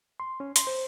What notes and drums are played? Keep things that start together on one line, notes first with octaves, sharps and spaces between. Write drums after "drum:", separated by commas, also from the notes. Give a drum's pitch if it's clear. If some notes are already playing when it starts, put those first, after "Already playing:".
C6
C#4
C6, drum: hi-hat
C5